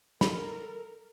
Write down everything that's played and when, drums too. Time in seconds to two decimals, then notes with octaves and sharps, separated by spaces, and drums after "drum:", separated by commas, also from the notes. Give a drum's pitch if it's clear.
0.21 A4 A#4 B5, drum: snare